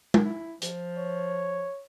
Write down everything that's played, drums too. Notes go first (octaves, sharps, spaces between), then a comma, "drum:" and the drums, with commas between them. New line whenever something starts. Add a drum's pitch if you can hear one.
drum: tom G#3
E4
F3, drum: hi-hat
C#5